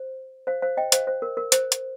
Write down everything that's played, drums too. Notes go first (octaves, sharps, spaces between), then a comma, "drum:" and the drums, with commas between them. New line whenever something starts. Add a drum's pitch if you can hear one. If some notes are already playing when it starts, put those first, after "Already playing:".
Already playing: C5
C5 F5
C5 F5
D#5 G5
C5 F5, drum: hi-hat
C5
A#4
A#4
C5, drum: hi-hat
drum: hi-hat